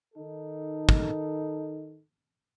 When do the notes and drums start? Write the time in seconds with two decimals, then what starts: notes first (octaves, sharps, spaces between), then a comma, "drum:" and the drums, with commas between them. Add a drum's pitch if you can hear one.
0.15 D#3 D#4 A4
0.89 drum: kick